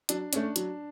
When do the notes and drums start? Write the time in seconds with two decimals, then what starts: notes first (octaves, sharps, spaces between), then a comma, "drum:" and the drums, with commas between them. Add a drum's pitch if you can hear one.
0.09 F#3 D4, drum: hi-hat
0.33 A3 C#4 D4, drum: hi-hat
0.56 F#3, drum: hi-hat